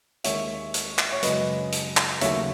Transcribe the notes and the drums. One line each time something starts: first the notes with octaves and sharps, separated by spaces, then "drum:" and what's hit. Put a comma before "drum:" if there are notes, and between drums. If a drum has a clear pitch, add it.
D#2 D#3 G#3 C#5 E5, drum: hi-hat
drum: hi-hat
drum: clap
C#5
F#2 C#3 G#3 B4 D#5, drum: hi-hat
drum: hi-hat
drum: clap
D#2 C#3 F#3 A3 C#5 E5, drum: hi-hat